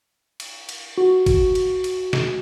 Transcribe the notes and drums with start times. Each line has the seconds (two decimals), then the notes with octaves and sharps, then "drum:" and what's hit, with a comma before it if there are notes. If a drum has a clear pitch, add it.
0.40 drum: cymbal
0.69 drum: cymbal
0.98 F#4
1.26 drum: kick, cymbal
1.55 drum: cymbal
1.84 drum: cymbal
2.13 drum: snare